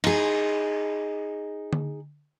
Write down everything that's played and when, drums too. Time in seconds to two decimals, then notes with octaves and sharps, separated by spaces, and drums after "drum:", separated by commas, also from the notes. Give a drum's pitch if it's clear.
0.04 D#4 G#4, drum: cymbal
1.73 drum: tom D3